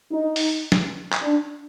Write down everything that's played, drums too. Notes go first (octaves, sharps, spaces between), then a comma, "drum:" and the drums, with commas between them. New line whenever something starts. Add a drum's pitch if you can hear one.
D#4
drum: open hi-hat
drum: snare
drum: clap
D4